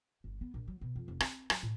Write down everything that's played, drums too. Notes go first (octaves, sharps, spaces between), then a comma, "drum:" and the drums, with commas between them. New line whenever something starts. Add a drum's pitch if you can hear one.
G1
B3
A#1
F#3
B2
F2
F1
C4, drum: rim click
F#3, drum: rim click
A2